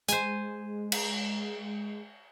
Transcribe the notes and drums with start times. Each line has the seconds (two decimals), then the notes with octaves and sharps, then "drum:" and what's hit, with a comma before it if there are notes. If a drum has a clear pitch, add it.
0.08 G#3 C5 G#5, drum: hi-hat
0.92 drum: cymbal